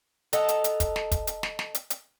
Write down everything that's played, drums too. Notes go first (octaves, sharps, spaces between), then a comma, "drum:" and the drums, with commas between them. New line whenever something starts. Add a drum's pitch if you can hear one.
A4 D#5 F#5 A5 A#5, drum: hi-hat
drum: hi-hat
drum: hi-hat
drum: kick, hi-hat
drum: snare
drum: kick, hi-hat
drum: hi-hat
drum: snare
drum: snare
drum: hi-hat
drum: hi-hat